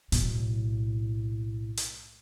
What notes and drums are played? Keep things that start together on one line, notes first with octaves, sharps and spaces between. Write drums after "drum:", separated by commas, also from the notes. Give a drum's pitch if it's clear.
B1 A2, drum: hi-hat
drum: hi-hat